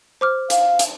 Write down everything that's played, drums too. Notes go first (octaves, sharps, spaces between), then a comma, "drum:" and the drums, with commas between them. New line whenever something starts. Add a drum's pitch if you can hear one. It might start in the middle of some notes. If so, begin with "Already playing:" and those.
C5 D6 F6
F5, drum: hi-hat
drum: hi-hat